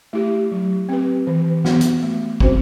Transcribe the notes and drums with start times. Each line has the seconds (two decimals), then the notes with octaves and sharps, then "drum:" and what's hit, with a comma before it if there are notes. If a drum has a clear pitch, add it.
0.13 A3 E4 G4
0.51 F#3
0.89 C4 G4 B4
1.27 E3
1.65 B3 F#4, drum: snare
1.81 drum: hi-hat
2.03 A3
2.40 C4 F#4 C5, drum: kick